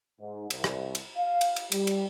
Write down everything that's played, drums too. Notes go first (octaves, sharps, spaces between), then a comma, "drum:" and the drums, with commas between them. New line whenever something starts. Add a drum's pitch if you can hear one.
G#2
C2, drum: cymbal
drum: rim click
drum: cymbal
F5
drum: cymbal
drum: cymbal
G3, drum: cymbal
drum: cymbal